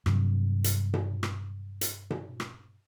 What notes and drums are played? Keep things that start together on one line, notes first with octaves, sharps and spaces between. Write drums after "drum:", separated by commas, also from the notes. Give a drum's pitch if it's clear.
G2 C3 F#3, drum: rim click
drum: hi-hat
drum: tom B2
drum: rim click
drum: hi-hat
drum: tom B2
drum: rim click